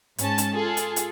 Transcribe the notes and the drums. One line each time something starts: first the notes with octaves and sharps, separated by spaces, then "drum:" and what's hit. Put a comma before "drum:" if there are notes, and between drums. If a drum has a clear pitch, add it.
G#2 C#4 A5, drum: hi-hat
drum: hi-hat
F4 G#4 A4
drum: hi-hat
drum: hi-hat